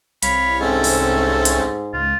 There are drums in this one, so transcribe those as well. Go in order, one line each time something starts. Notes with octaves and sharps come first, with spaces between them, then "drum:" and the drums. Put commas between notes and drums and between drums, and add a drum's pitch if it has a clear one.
C2 C#5 F5 B5, drum: hi-hat
G#2 A3 C4 C#4 A4
drum: open hi-hat
drum: hi-hat
C#2 F4